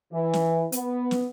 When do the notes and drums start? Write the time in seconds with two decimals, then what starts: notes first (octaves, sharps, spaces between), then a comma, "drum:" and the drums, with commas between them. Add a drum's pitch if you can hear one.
0.12 E3
0.33 drum: snare
0.72 B3, drum: hi-hat
1.11 drum: snare